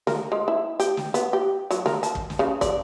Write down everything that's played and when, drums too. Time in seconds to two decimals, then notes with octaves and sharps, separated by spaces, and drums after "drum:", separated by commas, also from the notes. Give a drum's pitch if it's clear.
0.07 A#4, drum: snare
0.32 G#3
0.48 E4
0.80 G4, drum: hi-hat
0.97 drum: snare
1.14 B3, drum: hi-hat
1.33 G4
1.71 F#3, drum: hi-hat
1.86 A#4, drum: snare
2.03 A5, drum: hi-hat
2.15 drum: kick
2.30 drum: snare
2.39 C#3
2.61 D5, drum: kick, hi-hat